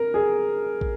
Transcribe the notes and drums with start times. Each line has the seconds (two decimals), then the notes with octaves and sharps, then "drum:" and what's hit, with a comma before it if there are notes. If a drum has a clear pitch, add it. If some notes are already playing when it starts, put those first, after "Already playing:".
Already playing: A#4
0.14 G#4
0.81 drum: kick